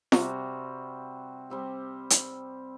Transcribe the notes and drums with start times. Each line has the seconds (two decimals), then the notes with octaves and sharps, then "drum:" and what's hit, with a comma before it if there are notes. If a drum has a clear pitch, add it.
0.12 C3 G3 C4 F#4, drum: snare F4
1.50 G3 C4 G4
2.10 drum: hi-hat